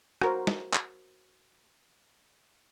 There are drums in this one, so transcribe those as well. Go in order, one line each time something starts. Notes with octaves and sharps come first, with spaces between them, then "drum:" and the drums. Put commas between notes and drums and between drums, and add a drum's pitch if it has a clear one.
F#4 A#4 C5, drum: rim click
drum: snare
drum: clap